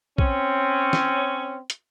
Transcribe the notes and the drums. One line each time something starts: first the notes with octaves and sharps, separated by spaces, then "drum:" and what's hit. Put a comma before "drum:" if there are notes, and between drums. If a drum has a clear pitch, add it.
C4 C#4, drum: kick B1
drum: snare
drum: hi-hat